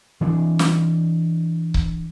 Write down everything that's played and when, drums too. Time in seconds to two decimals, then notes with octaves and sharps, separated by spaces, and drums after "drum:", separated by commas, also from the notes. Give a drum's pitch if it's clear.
0.21 E3 C4 D4
0.59 drum: snare
1.74 drum: kick C#1